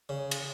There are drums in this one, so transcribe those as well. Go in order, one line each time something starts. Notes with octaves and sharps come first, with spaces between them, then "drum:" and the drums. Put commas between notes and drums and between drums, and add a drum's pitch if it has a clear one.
C#3
drum: cymbal